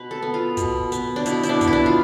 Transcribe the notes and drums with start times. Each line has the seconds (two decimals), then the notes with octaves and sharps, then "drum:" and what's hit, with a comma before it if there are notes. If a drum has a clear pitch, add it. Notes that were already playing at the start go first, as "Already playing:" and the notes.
Already playing: B2 B4
0.11 A4
0.22 B3
0.34 F4
0.57 B2, drum: kick, hi-hat
0.92 B3, drum: hi-hat
1.16 D4
1.26 B2 E4, drum: hi-hat
1.43 E4, drum: hi-hat
1.49 D4
1.61 B3, drum: kick, hi-hat
1.67 E4
1.73 D4
1.86 F4